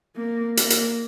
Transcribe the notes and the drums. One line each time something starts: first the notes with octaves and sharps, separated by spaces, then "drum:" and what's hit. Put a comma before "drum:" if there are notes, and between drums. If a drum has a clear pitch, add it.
A#3
A#3, drum: hi-hat
drum: hi-hat